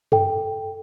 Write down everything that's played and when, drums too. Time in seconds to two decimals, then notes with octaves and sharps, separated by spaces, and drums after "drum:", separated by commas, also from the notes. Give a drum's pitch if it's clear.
0.12 A4 G5, drum: tom F#2